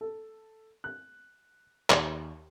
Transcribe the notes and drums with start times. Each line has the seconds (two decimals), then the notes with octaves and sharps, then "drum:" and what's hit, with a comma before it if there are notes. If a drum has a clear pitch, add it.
0.01 A4
0.84 F#6
1.90 D#2, drum: clap